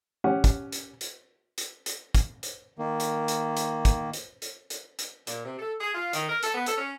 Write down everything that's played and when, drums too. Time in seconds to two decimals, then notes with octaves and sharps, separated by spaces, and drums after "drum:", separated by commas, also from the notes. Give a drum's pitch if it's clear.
0.24 C#4 G4 F#5
0.44 drum: kick, hi-hat
0.72 drum: hi-hat
1.01 drum: hi-hat
1.58 drum: hi-hat
1.86 drum: hi-hat
2.15 drum: kick, hi-hat
2.43 drum: hi-hat
2.78 D#3 A#3
3.00 drum: hi-hat
3.28 drum: hi-hat
3.57 drum: hi-hat
3.85 drum: kick, hi-hat
4.13 drum: hi-hat
4.42 drum: hi-hat
4.70 drum: hi-hat
4.99 drum: hi-hat
5.27 A#2, drum: hi-hat
5.45 C3
5.59 A4
5.81 G#4
5.94 F4
6.13 D#3, drum: hi-hat
6.29 A#4
6.43 A4, drum: hi-hat
6.55 B3
6.66 A4, drum: hi-hat
6.78 C#4